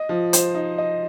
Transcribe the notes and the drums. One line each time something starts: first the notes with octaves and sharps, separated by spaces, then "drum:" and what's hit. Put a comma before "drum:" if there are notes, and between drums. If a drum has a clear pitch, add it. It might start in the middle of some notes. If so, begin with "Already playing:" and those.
Already playing: D#5
F3
C5, drum: hi-hat
D#4
D#5